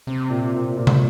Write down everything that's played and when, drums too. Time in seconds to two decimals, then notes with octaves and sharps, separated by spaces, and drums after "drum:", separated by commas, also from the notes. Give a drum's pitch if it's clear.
0.07 C3 C4
0.30 A#2
0.54 A#2
0.77 A#2
0.87 drum: tom